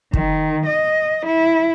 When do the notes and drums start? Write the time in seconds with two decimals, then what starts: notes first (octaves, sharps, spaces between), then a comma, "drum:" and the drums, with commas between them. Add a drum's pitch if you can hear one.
0.13 D#3, drum: kick
0.66 D#5
1.26 E4